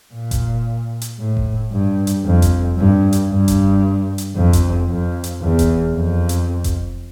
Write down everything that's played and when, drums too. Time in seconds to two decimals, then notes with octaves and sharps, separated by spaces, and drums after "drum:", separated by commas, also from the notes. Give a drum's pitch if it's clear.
0.13 A#2
0.31 drum: kick F1, hi-hat
1.02 drum: hi-hat
1.19 A2
1.37 drum: kick F1
1.72 G2
2.07 drum: hi-hat
2.25 F2
2.42 drum: kick F1, hi-hat
2.77 G2
3.13 drum: hi-hat
3.30 G2
3.48 drum: kick F1, hi-hat
4.18 drum: hi-hat
4.35 F2
4.53 drum: kick F1, hi-hat
4.89 F2
5.24 drum: hi-hat
5.42 E2
5.59 drum: kick F1, hi-hat
5.94 F2
6.29 drum: hi-hat
6.64 drum: kick F1, hi-hat